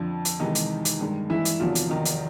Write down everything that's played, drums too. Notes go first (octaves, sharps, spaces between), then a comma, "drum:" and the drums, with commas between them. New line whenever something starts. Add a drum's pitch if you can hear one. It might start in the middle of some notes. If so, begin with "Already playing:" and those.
Already playing: F2 D3 F3
drum: hi-hat
C3 D#3 E3 G#3 D#4
drum: hi-hat
drum: hi-hat
G2 D#3 G#3
E3 E4
drum: hi-hat
E2 C3 D#3 F3 F#3 F4
drum: hi-hat
D#3 D#4
drum: hi-hat